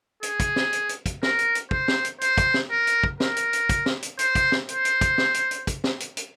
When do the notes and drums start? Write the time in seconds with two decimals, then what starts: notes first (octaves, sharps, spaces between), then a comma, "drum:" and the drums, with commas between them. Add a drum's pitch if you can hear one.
0.23 G#4, drum: hi-hat
0.40 drum: kick, hi-hat
0.56 drum: snare
0.73 drum: hi-hat
0.89 drum: hi-hat
1.06 drum: kick, hi-hat
1.23 A#4, drum: snare
1.39 drum: hi-hat
1.55 drum: hi-hat
1.71 C5, drum: kick
1.88 drum: snare
2.05 drum: hi-hat
2.21 C5, drum: hi-hat
2.38 drum: kick, hi-hat
2.54 drum: snare
2.70 A#4
2.87 drum: hi-hat
3.04 drum: kick
3.20 A#4, drum: snare
3.36 drum: hi-hat
3.53 drum: hi-hat
3.69 drum: kick, hi-hat
3.86 drum: snare
4.02 drum: hi-hat
4.19 C5, drum: hi-hat
4.35 drum: kick, hi-hat
4.52 drum: snare
4.69 C5, drum: hi-hat
4.85 drum: hi-hat
5.01 drum: kick, hi-hat
5.18 drum: snare
5.34 drum: hi-hat
5.51 drum: hi-hat
5.67 drum: kick, hi-hat
5.84 drum: snare
6.00 drum: hi-hat
6.17 drum: hi-hat